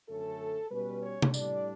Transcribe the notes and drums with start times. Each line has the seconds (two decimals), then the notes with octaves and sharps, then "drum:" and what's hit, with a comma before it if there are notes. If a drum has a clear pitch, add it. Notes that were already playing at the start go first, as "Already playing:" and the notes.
0.09 F#2 D3 A3 C#4 A4
0.71 B2 G3 C#4 B4
1.02 C#5
1.22 drum: tom C3
1.34 A2 G3 D4 D5, drum: tambourine